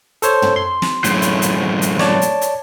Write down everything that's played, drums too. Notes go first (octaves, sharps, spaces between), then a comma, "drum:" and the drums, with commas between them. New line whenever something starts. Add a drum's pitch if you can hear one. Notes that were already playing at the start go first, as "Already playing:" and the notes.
A4 C5 C#5, drum: hi-hat
drum: tom
C6
drum: snare
F#2 A2, drum: hi-hat
drum: hi-hat
drum: hi-hat
drum: hi-hat
C#5 D5 A5, drum: snare
drum: hi-hat
drum: hi-hat